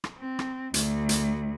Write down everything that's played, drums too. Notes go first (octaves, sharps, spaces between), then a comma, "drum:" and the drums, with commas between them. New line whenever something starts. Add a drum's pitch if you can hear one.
drum: rim click
C4
drum: rim click
D2, drum: hi-hat
drum: hi-hat